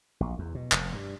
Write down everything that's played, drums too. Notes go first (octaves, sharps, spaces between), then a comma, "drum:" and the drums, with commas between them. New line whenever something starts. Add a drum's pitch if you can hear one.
A#1
E2
B2
F1, drum: clap
G2